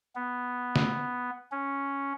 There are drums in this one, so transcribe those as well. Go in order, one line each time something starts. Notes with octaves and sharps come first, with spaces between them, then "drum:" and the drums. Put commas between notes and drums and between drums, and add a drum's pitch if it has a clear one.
B3
drum: snare
C#4